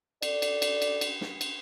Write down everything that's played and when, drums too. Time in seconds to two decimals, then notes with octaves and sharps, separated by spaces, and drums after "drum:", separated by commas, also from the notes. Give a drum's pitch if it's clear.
0.22 A4 D5, drum: cymbal
0.42 drum: cymbal
0.62 drum: cymbal
0.82 drum: cymbal
1.01 drum: cymbal
1.21 drum: snare
1.41 drum: cymbal